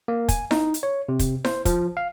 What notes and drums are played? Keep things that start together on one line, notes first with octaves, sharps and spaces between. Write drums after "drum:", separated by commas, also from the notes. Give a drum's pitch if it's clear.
A#3
G#5, drum: kick, hi-hat
D#4, drum: snare E4
drum: hi-hat
C#5
C3
drum: kick, hi-hat
C5, drum: snare E4
F3, drum: kick, hi-hat
F5